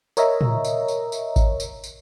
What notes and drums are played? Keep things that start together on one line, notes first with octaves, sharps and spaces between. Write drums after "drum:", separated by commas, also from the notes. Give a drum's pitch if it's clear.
A#4 C#5 D#5 E5 A#5, drum: tambourine
drum: tom A2
drum: tambourine
drum: tambourine
drum: tambourine
drum: kick G#1, tambourine
drum: tambourine
drum: tambourine